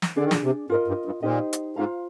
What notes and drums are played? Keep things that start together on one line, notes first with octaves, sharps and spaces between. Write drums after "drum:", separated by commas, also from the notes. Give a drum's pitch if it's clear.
drum: snare
D3 D4 G#4 D5
D#3
A#2 D3, drum: snare
C3
G#2 F4 A#4 D#5
G2
G2
A#2 D#4 G4 C5 D#5
drum: hi-hat
G#2 F4 C5 F5 A#5